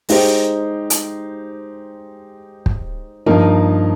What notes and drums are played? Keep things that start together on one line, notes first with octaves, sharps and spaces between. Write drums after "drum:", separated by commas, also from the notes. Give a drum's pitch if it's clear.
G#3 D#4 G4 C5, drum: open hi-hat
drum: hi-hat
drum: kick
G2 F3 A#3 D#4 A#4